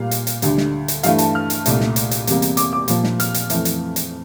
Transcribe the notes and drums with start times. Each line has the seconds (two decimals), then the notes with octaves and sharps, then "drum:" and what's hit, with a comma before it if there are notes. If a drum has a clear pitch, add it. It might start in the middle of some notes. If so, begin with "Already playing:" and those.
Already playing: A#2 G3 A#3 F5
0.11 drum: hi-hat
0.27 drum: hi-hat
0.42 D2 D3 G3, drum: hi-hat
0.58 drum: snare
0.88 drum: hi-hat
1.03 G2 E3 A3 F5, drum: hi-hat
1.18 A5, drum: hi-hat
1.35 F6
1.50 drum: hi-hat
1.66 C2 A#2 A3, drum: hi-hat
1.81 drum: snare
1.96 drum: hi-hat
2.11 drum: hi-hat
2.27 E2 C3 G3 A#3, drum: hi-hat
2.42 drum: hi-hat
2.57 D6, drum: hi-hat
2.73 D6
2.88 A#2 F3 A#3, drum: hi-hat
3.04 drum: snare
3.20 F6, drum: hi-hat
3.34 drum: hi-hat
3.50 F2 E3 A3, drum: hi-hat
3.65 drum: hi-hat
3.96 drum: hi-hat